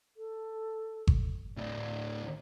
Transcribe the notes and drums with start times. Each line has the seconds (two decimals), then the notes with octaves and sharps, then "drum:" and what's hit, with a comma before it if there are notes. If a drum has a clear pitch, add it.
0.17 A4
1.07 drum: kick G1
1.57 D2 A2 D5